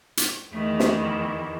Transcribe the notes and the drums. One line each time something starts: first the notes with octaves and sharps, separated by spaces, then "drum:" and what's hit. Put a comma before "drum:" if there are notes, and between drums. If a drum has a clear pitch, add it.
drum: hi-hat
E2 D#3 E3 A3
drum: snare